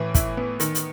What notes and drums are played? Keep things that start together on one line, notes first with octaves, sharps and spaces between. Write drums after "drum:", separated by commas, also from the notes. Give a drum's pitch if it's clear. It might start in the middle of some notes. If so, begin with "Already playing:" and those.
Already playing: A2 E3
E4, drum: kick, hi-hat
B3
D#3, drum: hi-hat
drum: hi-hat